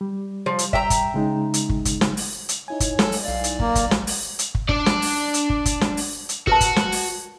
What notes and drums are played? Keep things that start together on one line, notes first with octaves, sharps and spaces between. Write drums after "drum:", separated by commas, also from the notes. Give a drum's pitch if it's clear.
G3
F3
drum: hi-hat
E5 G5 A#5, drum: kick
drum: kick, hi-hat
C#3 G#3 D#4
drum: hi-hat
drum: kick
drum: kick, hi-hat
drum: snare
drum: open hi-hat
drum: hi-hat
D#4 E4 C#5 G#5
drum: kick, hi-hat
A4 A5, drum: snare
drum: open hi-hat
B1 D5 F5
drum: hi-hat
A#3 A#5, drum: kick
drum: kick, hi-hat
drum: snare
drum: open hi-hat
drum: hi-hat
drum: kick
D4 D5, drum: kick
drum: snare
drum: open hi-hat
drum: hi-hat
drum: kick
drum: kick, hi-hat
drum: snare
drum: open hi-hat
drum: hi-hat
F#4 A#4 B4 A5, drum: kick
drum: kick, hi-hat
drum: snare
drum: open hi-hat